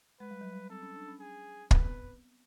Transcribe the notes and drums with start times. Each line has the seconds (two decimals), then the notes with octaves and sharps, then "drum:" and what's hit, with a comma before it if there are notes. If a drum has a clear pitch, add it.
0.20 G#3 B4
0.31 G3
0.41 F#3
0.52 G3
0.70 C4 A4
0.82 C#4
0.96 D4
1.08 C#4
1.20 G#4
1.71 C4 B4, drum: kick
1.83 B3